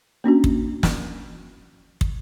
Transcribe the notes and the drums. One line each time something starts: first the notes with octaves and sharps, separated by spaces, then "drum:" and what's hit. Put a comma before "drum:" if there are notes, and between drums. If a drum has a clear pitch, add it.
A#3 C#4 D4 F#4
drum: kick
drum: snare
drum: kick